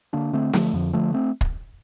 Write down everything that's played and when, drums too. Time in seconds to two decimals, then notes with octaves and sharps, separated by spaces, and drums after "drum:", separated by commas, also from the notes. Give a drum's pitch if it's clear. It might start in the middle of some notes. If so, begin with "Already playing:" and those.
0.13 D3 A#3 D4
0.33 D3 A3 C4
0.53 D3 F3 A3, drum: snare
0.73 F2 D3 F3
0.93 D3 F3 A3
1.14 A3 C4
1.41 drum: kick